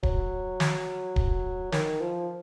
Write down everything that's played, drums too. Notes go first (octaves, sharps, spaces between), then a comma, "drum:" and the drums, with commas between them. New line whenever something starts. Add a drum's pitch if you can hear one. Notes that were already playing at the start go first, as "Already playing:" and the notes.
F#3, drum: kick D1
drum: snare
drum: kick D1
D#3, drum: snare
F3